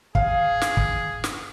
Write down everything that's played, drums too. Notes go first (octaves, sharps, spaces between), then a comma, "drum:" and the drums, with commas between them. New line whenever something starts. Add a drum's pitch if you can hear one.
G#4 F5, drum: kick
drum: snare
drum: kick
drum: snare